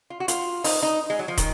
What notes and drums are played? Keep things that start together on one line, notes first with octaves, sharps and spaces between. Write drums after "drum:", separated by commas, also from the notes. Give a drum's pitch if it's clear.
F4
F#4
F4, drum: hi-hat
D#4, drum: open hi-hat
D#4
G#3
F#3
F3
D#3, drum: kick, hi-hat